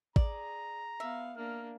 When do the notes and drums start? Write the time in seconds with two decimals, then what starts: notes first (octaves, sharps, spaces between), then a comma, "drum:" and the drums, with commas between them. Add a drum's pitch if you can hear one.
0.16 G#4 D5 A#5, drum: kick
1.00 B3 E5 F5
1.36 A#3 D4 F6